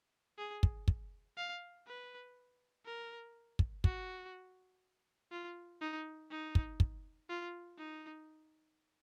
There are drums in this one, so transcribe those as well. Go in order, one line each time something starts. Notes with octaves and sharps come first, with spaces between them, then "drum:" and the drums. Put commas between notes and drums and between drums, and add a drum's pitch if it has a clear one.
G#4
drum: kick
drum: kick
F5
B4
A#4
drum: kick
F#4, drum: kick
F4
D#4
D#4
drum: kick
drum: kick
F4
D#4